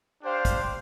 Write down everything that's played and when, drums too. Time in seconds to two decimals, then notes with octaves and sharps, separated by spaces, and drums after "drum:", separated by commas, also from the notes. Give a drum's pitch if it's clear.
0.21 D4 G4 C5 F5
0.45 drum: kick, hi-hat